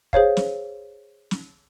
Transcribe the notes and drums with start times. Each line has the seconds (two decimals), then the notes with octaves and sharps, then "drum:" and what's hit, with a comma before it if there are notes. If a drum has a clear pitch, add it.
0.13 G#4 C5 C#5 F5, drum: kick
0.37 drum: snare
1.31 drum: snare